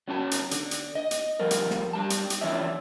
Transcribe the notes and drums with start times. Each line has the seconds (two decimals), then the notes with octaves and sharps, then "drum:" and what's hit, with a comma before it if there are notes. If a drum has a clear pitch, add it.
0.08 F#3 C#4 F#4 A5
0.31 drum: hi-hat
0.51 D3, drum: hi-hat
0.71 drum: hi-hat
0.95 D#5
1.11 drum: hi-hat
1.39 F3 G3 A4 A#4
1.51 drum: hi-hat
1.70 drum: snare
1.93 G3 G4 A5
2.10 drum: hi-hat
2.30 drum: hi-hat
2.41 E3 F3 C#4 D4 E4 E5